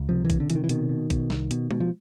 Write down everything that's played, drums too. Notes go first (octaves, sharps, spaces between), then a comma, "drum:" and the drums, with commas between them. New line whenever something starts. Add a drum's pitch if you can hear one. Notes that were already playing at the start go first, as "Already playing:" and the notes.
Already playing: C#2
C3 F3
E3
C3, drum: kick A#1, hi-hat
D3
C3 E3, drum: hi-hat
D#3
E3
B2 D#3, drum: hi-hat
B2
B2, drum: kick A#1, hi-hat
C2, drum: snare
B2, drum: hi-hat
B2, drum: tom G#3
F3